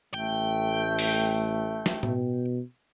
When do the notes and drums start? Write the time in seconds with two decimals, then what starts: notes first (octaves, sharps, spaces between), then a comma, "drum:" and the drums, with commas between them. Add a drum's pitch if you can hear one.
0.14 A1 A3 G5
0.99 drum: open hi-hat
1.86 drum: snare
2.03 B2, drum: tom A2